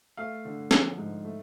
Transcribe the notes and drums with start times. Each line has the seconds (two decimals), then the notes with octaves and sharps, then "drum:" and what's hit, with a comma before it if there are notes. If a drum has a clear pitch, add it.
0.17 A3 F5
0.45 D3
0.71 F3, drum: snare
0.98 G#2
1.25 A3